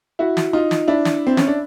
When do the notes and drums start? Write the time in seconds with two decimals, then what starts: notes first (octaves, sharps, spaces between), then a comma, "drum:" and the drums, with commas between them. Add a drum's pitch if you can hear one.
0.19 E4 F#4
0.37 drum: snare
0.53 D#4 F4
0.71 drum: snare
0.88 D4 E4
1.05 drum: snare
1.27 C4
1.37 C#4, drum: snare
1.47 D4